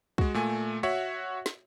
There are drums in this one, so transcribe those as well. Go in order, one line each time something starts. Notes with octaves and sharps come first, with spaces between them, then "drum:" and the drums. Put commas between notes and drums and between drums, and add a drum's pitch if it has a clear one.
G#3 F#4, drum: kick
A#2 A3 G#5
F#4 C#5 E5 F#5
drum: snare